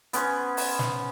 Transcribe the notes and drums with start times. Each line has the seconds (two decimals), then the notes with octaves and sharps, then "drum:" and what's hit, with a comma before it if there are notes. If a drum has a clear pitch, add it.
0.13 B3 C#4 C5, drum: hi-hat
0.57 drum: open hi-hat
0.79 drum: snare